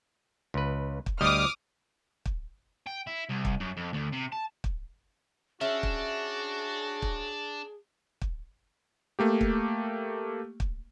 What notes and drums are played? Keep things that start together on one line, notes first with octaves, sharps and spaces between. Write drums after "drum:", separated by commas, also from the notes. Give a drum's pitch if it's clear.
C#2 B4
drum: kick
D2 G3 D#5 D6 D#6 F6
drum: kick
G5
E4
C2
drum: kick
F#2
F2
D2
C3
A5
drum: kick
C#4 D4 F#4 G#4 E5
drum: kick
drum: kick
drum: kick
A3 A#3 G4
drum: kick
drum: kick